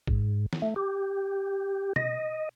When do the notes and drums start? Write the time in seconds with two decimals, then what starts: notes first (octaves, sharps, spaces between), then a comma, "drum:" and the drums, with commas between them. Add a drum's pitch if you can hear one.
0.07 G#2, drum: kick
0.53 drum: snare
0.62 A3
0.76 G4
1.96 D#5, drum: tom B2